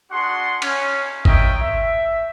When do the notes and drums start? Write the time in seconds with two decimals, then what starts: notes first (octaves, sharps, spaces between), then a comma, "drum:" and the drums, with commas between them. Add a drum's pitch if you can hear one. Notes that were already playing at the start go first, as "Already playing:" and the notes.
0.11 D4 F#4 G#4 F#5 C6
0.62 C#4, drum: cymbal
1.25 F4 A#4 C#5 D#5 E5 G5, drum: kick G#1
1.60 E5